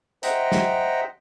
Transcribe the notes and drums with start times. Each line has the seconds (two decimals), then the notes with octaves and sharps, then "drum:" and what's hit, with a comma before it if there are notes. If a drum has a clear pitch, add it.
0.23 C5 D#5 E5 F#5 G5 A#5, drum: hi-hat
0.52 drum: snare